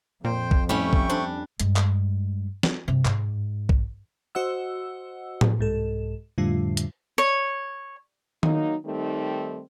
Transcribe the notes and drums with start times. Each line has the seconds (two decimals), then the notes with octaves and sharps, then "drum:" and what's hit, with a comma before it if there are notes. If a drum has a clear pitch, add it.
0.25 F2 A#2 C5 G5
0.51 drum: kick B1
0.69 A2 G3 A3 C#4 G5 C#6
0.93 drum: kick B1
1.09 C4 D4
1.60 G2 G#3, drum: hi-hat
1.76 drum: clap
2.63 drum: snare
2.88 G2 C3
3.05 G#2, drum: clap
3.69 drum: kick B1
4.35 F#4 C5 D#5 F#5 E6
5.41 drum: tom A2
5.59 C2 G#2 A4
6.38 F2 A2 D3 G3 A3 F4
6.77 drum: hi-hat
7.18 C#5
8.43 F#3 A#3 D#4, drum: tom D#3
8.85 D#3 G3 A3 C4 D#4